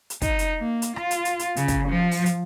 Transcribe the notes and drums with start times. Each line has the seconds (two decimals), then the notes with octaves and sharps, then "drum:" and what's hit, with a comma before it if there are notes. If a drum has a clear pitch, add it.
0.10 drum: hi-hat
0.22 D#4, drum: kick, hi-hat
0.39 drum: hi-hat
0.60 A#3
0.82 drum: hi-hat
0.96 F4, drum: rim click
1.11 drum: hi-hat
1.25 drum: hi-hat
1.39 drum: hi-hat
1.56 C#3, drum: hi-hat
1.68 drum: kick, hi-hat
1.88 F3
2.11 drum: open hi-hat
2.26 drum: hi-hat